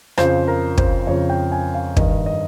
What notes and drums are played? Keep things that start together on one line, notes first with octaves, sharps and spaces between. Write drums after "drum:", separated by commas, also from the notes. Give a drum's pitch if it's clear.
F2 C#3 F3 C5, drum: rim click
A#4
C5, drum: kick
F2 C#3 F3 C#5
G5
G#5
F5
G2 D#3 D#5, drum: kick
D#5